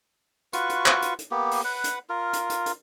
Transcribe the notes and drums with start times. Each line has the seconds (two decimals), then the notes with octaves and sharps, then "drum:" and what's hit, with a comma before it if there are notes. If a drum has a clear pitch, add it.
0.53 F4 F#4 B4 C#6, drum: hi-hat
0.69 drum: hi-hat
0.86 drum: clap
1.02 drum: hi-hat
1.19 drum: hi-hat
1.31 A#3 B3 G4
1.51 drum: open hi-hat
1.64 B4 F#5
1.84 drum: hi-hat
2.09 F4 A#4
2.33 drum: hi-hat
2.50 drum: hi-hat
2.66 drum: hi-hat